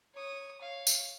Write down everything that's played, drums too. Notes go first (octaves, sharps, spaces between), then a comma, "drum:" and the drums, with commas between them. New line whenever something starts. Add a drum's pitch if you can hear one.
C#5 D#6
C#5 F5
drum: tambourine